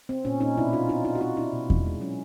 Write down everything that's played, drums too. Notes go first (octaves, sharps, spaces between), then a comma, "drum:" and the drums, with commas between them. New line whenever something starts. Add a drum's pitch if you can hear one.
C4
A#2 C#4
A#2 C#4 D#4
B2 D4 E4
B2 D#4 F4
C4 D#4 F4
C4 D#4 F4
F#4
C4 D#4 F4
C4 D4 E4
B2
G#3, drum: kick E2
G#3
F#3 C#4